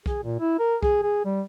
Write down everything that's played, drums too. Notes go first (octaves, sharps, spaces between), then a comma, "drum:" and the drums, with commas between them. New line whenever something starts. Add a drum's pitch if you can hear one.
G#4, drum: kick B1
A#2
E4
A#4
G#4, drum: kick B1
G#4
G3